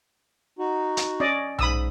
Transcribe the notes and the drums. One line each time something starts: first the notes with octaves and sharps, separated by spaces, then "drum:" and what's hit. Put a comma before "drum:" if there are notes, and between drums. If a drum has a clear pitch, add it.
D#4 F#4
drum: hi-hat
C#4 D5 D#5
G#2 B5 D#6 E6, drum: tom B1